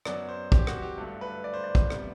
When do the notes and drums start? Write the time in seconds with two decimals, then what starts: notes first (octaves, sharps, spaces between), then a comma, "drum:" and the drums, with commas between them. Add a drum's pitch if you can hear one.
0.05 F#2 F#3 B3 D5, drum: rim click
0.29 C5
0.52 G4, drum: kick
0.67 F#4, drum: rim click
0.82 G4
0.98 G2 D3 A3
1.21 B4
1.44 D5
1.54 C5
1.64 D5
1.75 drum: kick
1.90 C3 G3 B3, drum: rim click